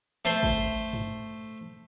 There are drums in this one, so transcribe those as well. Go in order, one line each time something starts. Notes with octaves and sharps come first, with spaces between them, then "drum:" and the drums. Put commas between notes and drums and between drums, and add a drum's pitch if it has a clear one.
A3 C5
drum: kick G#1
drum: tom G2